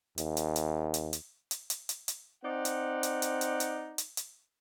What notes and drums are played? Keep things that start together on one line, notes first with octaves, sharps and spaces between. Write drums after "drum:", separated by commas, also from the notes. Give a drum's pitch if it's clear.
D#2, drum: hi-hat
drum: hi-hat
drum: hi-hat
drum: hi-hat
drum: hi-hat
drum: hi-hat
drum: hi-hat
drum: hi-hat
drum: hi-hat
C4 D#4 D5 F#5
drum: hi-hat
drum: hi-hat
drum: hi-hat
drum: hi-hat
drum: hi-hat
drum: hi-hat
drum: hi-hat